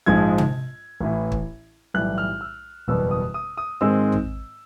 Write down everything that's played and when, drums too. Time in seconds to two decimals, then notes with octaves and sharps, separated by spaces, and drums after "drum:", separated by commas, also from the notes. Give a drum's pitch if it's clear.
0.06 A#1 G#2 F3 G#3 G#6
0.38 drum: tom
1.01 A1 A2 E3
1.32 drum: kick
1.94 B1 A2 E3 G3 F#6
2.18 F6
2.41 E6
2.88 F#1 E2 B2 G3 B3 E6
3.11 D#6
3.34 D#6
3.57 D#6
3.81 G#2 D#3 G#3 C4 E6
4.12 drum: tom A1